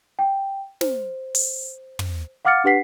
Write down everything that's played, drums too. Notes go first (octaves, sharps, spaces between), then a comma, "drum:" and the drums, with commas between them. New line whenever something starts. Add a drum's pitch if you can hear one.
G5
C5, drum: snare
drum: open hi-hat
drum: tom
F5 F#5 D6 F6 A6 C#7
D4 G4 B4 F#5 B6 C7